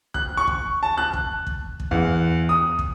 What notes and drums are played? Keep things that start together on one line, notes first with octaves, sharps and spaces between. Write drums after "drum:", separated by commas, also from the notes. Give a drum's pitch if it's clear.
F#6, drum: kick
C#6
drum: kick
A5
F#6
drum: kick
drum: kick
drum: kick
E2
D#6
drum: kick